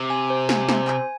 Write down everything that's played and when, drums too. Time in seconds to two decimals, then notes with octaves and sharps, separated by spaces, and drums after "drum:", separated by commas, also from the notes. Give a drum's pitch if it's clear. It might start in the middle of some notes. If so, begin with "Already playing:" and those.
Already playing: C3
0.10 G#5
0.30 C5
0.49 G#5, drum: snare
0.69 C5, drum: snare
0.88 G#5, drum: clap